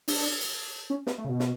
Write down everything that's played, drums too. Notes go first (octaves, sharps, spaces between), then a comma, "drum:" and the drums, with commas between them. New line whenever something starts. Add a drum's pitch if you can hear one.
D4, drum: open hi-hat
drum: hi-hat
C#4
B3, drum: snare
A3
C#3
B2
drum: snare